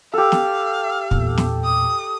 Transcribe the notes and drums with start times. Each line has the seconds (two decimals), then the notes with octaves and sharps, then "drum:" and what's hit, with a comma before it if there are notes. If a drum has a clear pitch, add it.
0.14 G4 A4 F5
0.32 drum: snare
1.11 E2 A#2, drum: kick
1.38 drum: snare
1.65 D#6